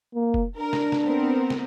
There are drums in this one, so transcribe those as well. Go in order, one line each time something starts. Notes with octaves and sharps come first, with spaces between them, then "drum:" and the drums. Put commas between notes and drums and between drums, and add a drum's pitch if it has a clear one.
A#3
drum: kick F1
D4 A#4
drum: snare
drum: snare
B3 C4 A#4
drum: snare